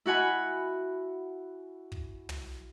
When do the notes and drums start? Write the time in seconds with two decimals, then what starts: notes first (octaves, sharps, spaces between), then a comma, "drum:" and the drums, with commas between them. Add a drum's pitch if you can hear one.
0.06 E4 F#4 F#5 G#5 B5
1.92 drum: kick
2.29 drum: tom